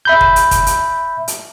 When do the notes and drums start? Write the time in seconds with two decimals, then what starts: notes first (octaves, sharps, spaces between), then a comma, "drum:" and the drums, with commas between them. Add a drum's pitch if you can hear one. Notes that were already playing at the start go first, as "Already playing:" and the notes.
0.05 E5 B5 G6
0.21 drum: kick
0.36 drum: hi-hat
0.51 drum: kick, hi-hat
0.67 drum: hi-hat
1.28 drum: hi-hat